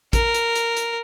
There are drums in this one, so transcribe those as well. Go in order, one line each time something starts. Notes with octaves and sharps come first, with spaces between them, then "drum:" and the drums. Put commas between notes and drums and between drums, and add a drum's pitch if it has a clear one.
A#4, drum: kick, hi-hat
drum: hi-hat
drum: hi-hat
drum: hi-hat